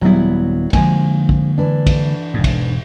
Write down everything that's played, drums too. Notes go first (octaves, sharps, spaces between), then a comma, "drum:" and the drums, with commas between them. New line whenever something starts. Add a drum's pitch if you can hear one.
D#1 F#3 G3 B3 E4
D3 F3 G#3 A#3 G#5, drum: kick, cymbal
drum: kick
E3 D4
drum: kick, cymbal
E1 G#2
drum: kick, cymbal